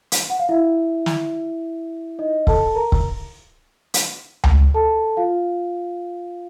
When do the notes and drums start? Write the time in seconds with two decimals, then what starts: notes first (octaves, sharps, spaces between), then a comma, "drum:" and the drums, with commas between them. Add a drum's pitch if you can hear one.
0.12 drum: hi-hat
0.30 F#5
0.39 F5
0.49 E4 E5
1.06 drum: snare
2.19 D#4 D#5
2.47 A4 A5, drum: kick
2.75 A#4 A#5
2.92 drum: kick
3.94 drum: hi-hat
4.44 drum: tom C#2
4.74 A4 A5
5.17 F4 F5